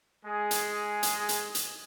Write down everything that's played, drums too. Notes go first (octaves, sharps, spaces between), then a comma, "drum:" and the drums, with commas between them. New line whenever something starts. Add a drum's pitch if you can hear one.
G#3 G#4
drum: hi-hat
drum: hi-hat
drum: hi-hat
drum: hi-hat